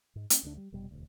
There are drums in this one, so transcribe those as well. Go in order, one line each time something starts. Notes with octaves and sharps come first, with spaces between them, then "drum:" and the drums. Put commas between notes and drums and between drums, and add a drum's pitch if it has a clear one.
G#2
A#3 C#4, drum: hi-hat
D2 D3 C#4 D4
G3
F1 B2 G3
E1 D2